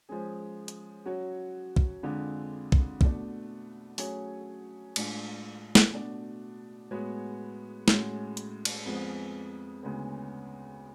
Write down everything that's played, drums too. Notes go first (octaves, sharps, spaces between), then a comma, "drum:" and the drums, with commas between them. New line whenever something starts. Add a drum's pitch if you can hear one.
F3 G#3 C#4 G#4
drum: hi-hat
F#3 C#4 F#4 C#5
drum: kick
F2 D3 G#3 D4 F4
drum: kick
B2 A3 D4, drum: kick
F#3 A3 C#4 G#4 C#5, drum: open hi-hat
A2 G#3 D4 F4 G#4, drum: cymbal
drum: snare
B2 A3 D4 F#4
A2 G#3 B3 F#4 C#5
A2 G#3 C#4 F#4, drum: snare
drum: hi-hat
drum: cymbal
F2 F3 G#3 B3
D2 C#3 G#3 B3